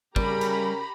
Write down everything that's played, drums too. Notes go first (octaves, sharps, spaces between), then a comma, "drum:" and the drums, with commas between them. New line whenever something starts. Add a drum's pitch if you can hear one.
C#3 G3 C#4 G4 A#4 A#5 B5, drum: kick
drum: cymbal